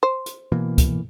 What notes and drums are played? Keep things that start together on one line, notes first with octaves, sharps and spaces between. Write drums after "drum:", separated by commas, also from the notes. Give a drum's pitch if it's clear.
C5
drum: hi-hat
B2 E3 A#3
drum: kick, hi-hat